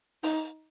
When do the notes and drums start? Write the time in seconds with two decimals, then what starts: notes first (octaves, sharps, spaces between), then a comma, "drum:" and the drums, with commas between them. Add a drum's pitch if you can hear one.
0.23 D#4, drum: open hi-hat